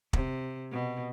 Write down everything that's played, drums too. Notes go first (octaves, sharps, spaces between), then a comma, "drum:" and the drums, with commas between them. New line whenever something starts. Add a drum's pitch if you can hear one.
C3, drum: kick
B2